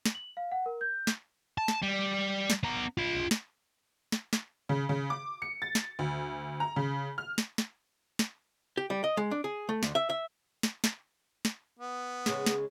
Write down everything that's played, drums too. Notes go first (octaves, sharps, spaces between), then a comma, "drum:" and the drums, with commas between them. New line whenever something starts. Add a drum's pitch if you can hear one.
drum: snare
F#7
F5
F#5
A#4
G6
drum: snare
A5
drum: snare
G3
drum: snare
B3 A#5
F4 B5
drum: snare
drum: snare
drum: snare
C#3
C#3
D6
C#7
A6
drum: snare
D2
A#5
C#3
F6
drum: snare
drum: snare
drum: snare
G4
G3
D#5
G#3
D4
G#4
A3
D2, drum: snare
E5
E5
drum: snare
drum: snare
drum: snare
B3
C#3 G#3, drum: snare
drum: snare